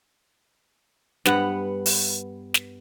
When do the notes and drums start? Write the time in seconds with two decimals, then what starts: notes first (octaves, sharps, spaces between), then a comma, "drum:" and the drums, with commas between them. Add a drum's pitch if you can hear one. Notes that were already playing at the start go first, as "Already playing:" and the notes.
1.25 G2 B3 F#5, drum: snare
1.86 drum: open hi-hat
2.54 drum: snare